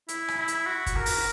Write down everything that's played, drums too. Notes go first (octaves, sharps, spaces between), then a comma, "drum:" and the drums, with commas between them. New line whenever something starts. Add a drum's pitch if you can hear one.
E4, drum: hi-hat
drum: rim click
E4
drum: hi-hat
F#4
drum: kick, hi-hat
A#4
drum: open hi-hat